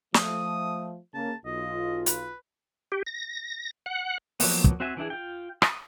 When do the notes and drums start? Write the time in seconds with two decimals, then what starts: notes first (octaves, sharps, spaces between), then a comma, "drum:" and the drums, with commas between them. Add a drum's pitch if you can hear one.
0.14 F3 A3 D#6, drum: snare
1.14 C#3 A#3 A5
1.45 B1 F4 D#5
2.06 B4, drum: hi-hat
2.92 G4
3.07 A#6
3.86 F#5
4.40 F3 F#3 A#3 B3, drum: open hi-hat
4.64 drum: kick
4.80 C4 F#4 C5 E5 G#5
4.97 E3 D4 E4 G#4
5.10 F4 G5
5.62 D#6, drum: rim click